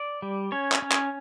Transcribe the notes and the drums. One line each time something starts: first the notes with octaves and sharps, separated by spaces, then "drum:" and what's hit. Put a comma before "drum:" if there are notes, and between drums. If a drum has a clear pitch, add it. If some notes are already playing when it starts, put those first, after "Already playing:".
Already playing: D5
G3
C#4 C#5
drum: clap
C#4
drum: clap